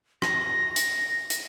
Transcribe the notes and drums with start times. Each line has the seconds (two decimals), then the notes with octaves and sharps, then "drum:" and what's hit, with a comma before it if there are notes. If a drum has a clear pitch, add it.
0.22 A#6, drum: rim click
0.76 drum: hi-hat
1.30 drum: hi-hat